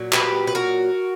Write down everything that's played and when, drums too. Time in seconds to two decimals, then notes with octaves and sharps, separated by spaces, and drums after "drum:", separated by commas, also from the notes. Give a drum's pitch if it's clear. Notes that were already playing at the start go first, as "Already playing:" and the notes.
Already playing: A#2 F#3
0.12 G4 B4, drum: clap
0.47 B4
0.55 F#4 A#4